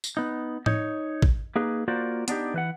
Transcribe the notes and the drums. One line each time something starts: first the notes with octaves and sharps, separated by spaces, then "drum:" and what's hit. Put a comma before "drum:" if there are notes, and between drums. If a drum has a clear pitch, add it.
drum: tambourine
B3 D#4
D#4 C#5, drum: tom
drum: kick
A#3 D#4 G#4 B4
A#3 F4 F#4 A#4 C5 D5
B3 D4 D#4 G4, drum: hi-hat
E3 B4 F#5